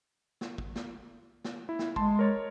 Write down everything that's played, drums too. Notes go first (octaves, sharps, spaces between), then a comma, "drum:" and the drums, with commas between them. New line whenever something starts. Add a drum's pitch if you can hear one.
drum: snare
drum: kick
drum: snare
drum: snare
E4
drum: snare
G#3 A5 C6, drum: kick
A#4 C#5 A6